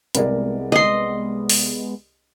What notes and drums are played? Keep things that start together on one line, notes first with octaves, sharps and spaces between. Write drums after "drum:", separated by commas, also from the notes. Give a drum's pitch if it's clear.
C2 G#3 B3 A#4 D5, drum: hi-hat
D#5 C6
drum: open hi-hat